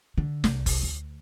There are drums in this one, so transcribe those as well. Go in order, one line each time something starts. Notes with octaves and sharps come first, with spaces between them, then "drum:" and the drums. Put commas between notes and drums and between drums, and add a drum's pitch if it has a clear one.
D3
C2, drum: snare
drum: kick F#1, open hi-hat
D2